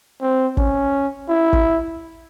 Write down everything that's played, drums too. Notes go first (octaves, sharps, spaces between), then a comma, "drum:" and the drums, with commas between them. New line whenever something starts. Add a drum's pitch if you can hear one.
C4
C#4, drum: kick
E4
drum: kick